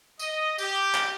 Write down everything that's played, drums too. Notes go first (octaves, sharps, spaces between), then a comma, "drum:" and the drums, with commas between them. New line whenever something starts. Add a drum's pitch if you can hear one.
D#5, drum: tambourine
G4, drum: tambourine
drum: clap